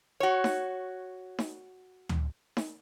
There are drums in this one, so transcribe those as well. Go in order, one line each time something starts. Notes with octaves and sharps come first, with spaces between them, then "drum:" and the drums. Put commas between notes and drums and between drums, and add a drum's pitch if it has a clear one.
F#4 C#5
drum: snare D#4
drum: snare D#4
drum: tom D2
drum: snare D#4